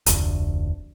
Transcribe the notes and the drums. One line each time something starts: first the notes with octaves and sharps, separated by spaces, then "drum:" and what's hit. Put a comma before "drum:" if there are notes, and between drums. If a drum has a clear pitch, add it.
F1 D2, drum: hi-hat